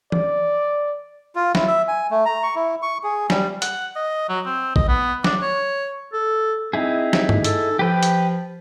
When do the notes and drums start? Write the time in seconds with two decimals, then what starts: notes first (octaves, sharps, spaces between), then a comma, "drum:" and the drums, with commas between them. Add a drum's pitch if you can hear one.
0.12 D5, drum: tom E3
1.36 F4
1.55 E4, drum: snare
1.68 E5
1.88 G#5
2.11 A3
2.25 A#5
2.43 C#6
2.56 E4
2.82 C#6
3.04 G#4
3.30 G3, drum: snare
3.62 F#5, drum: hi-hat
3.96 D#5
4.29 F#3
4.46 C4
4.76 D#5, drum: kick A#1
4.88 B3
5.24 D4, drum: snare
5.42 C#5
6.13 A4
6.73 C4 D#4 E4 G#4
7.13 drum: snare
7.29 drum: tom
7.44 A4, drum: hi-hat
7.79 F3 G4 B4 G5
8.03 drum: hi-hat